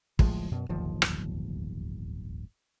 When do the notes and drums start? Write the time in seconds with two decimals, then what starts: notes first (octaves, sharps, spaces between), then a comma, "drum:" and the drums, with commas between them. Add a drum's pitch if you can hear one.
0.19 D1 A2 F3 G#3, drum: kick
0.52 F#2 B2
0.69 D1 G1 D#2 F3
1.02 drum: rim click